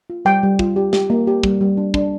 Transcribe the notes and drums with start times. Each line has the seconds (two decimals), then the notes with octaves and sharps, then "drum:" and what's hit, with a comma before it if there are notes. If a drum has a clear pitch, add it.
0.10 F4
0.25 G3 G5
0.43 G3
0.59 F4, drum: kick
0.76 G4
0.93 G4, drum: snare
1.10 A#3
1.27 G4
1.43 G3, drum: kick
1.61 G3
1.77 D4
1.94 D4, drum: kick